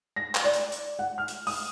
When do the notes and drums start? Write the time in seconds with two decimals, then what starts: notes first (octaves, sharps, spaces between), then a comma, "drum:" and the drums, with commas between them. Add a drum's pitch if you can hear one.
0.16 A#6
0.35 drum: clap
0.44 D5
0.53 drum: hi-hat
0.72 drum: hi-hat
0.99 F#5
1.18 F6
1.28 drum: hi-hat
1.47 D#6, drum: open hi-hat